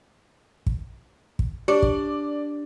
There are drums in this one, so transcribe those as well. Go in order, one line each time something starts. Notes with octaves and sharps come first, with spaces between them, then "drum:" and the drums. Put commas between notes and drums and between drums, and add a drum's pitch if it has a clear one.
drum: kick
drum: kick
D4 G4 D5
drum: kick